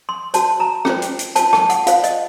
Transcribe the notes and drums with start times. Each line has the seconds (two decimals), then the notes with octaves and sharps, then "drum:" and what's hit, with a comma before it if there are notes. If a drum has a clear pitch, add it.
0.09 C6
0.34 F#4 C5 A5, drum: hi-hat
0.60 A#5
0.85 C#4 F4 C5, drum: rim click
1.02 drum: hi-hat
1.19 drum: hi-hat
1.36 F4 C5 A5, drum: hi-hat
1.53 A5, drum: rim click
1.70 F#5, drum: hi-hat
1.87 F4 C5 F5, drum: hi-hat
2.04 D#5, drum: hi-hat